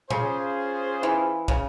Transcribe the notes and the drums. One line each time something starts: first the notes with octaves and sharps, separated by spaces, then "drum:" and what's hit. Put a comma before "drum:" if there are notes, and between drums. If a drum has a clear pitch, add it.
C#3 C#4 F4 G#4 C5, drum: tom
E3
C#3, drum: kick